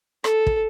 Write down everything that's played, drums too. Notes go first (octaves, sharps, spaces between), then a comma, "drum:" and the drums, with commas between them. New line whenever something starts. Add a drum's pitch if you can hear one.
A4, drum: rim click
drum: kick